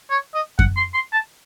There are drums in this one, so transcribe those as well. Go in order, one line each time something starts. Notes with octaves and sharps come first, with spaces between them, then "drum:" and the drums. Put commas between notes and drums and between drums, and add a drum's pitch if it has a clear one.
C#5
D#5
F#5, drum: kick F#2
C6
C6
A5